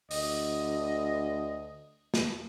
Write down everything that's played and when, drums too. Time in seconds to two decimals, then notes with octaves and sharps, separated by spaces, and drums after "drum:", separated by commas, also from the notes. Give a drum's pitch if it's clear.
0.11 D2 D#5, drum: open hi-hat
2.14 drum: snare